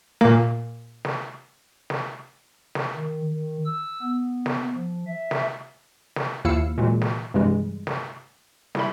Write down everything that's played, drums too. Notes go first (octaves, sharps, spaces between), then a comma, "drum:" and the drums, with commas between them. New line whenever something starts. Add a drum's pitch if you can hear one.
A#2 A#3, drum: snare
drum: snare
drum: snare
drum: snare
D#3
D#3
E6
B3
drum: snare
F3
E5
drum: snare
drum: snare
D#2 F3 E4 F5 E6 C#7
A#2 E3 F#3 G#3
drum: snare
G2 C3 E3 G3 G#3
drum: snare
G3 E4 B5, drum: snare